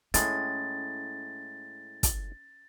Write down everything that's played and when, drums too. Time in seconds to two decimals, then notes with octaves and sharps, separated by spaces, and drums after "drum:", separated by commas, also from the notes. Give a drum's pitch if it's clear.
0.14 A2 G#3 C#4 A6, drum: hi-hat
2.03 drum: kick, hi-hat